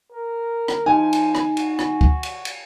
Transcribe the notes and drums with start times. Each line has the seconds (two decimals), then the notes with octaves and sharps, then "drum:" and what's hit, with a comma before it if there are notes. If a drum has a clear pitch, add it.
0.12 A#4
0.68 drum: rim click
0.86 F3 D#4 G#5
1.13 drum: cymbal
1.35 drum: rim click
1.57 F#4, drum: cymbal
1.79 drum: rim click
2.01 drum: kick
2.23 drum: cymbal
2.45 drum: cymbal